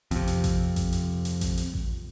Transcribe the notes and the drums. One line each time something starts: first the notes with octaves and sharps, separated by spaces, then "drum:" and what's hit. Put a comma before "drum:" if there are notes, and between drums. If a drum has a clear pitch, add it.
F2 C3, drum: kick A1, hi-hat
drum: hi-hat
drum: kick A1, hi-hat
drum: kick A1, hi-hat
drum: hi-hat
drum: hi-hat
drum: kick A1, hi-hat
drum: hi-hat
drum: kick A1